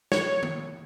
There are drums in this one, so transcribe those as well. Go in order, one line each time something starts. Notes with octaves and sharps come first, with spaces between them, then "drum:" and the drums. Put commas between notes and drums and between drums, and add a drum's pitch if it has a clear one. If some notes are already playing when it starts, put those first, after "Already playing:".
C#5, drum: snare
drum: tom D#3